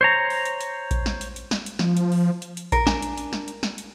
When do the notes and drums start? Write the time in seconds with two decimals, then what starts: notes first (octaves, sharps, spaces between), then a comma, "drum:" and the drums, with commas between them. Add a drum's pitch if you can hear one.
0.01 C5 C#5 A#5
0.30 drum: open hi-hat
0.45 drum: hi-hat
0.61 drum: hi-hat
0.91 drum: kick A#1, hi-hat
1.06 drum: snare
1.21 drum: hi-hat
1.36 drum: hi-hat
1.51 drum: snare
1.66 drum: hi-hat
1.79 F3, drum: snare
1.97 drum: hi-hat
2.12 drum: open hi-hat
2.42 drum: hi-hat
2.57 drum: hi-hat
2.72 A#4, drum: kick A#1, hi-hat
2.87 D4 G#5, drum: snare
3.02 drum: hi-hat
3.18 drum: hi-hat
3.33 drum: snare
3.48 drum: hi-hat
3.63 drum: snare
3.78 drum: hi-hat